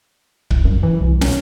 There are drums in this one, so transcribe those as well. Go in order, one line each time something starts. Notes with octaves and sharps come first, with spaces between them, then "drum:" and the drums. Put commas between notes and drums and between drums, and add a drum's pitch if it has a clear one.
C2, drum: kick C#1
F#2
E3
C2
C#4, drum: snare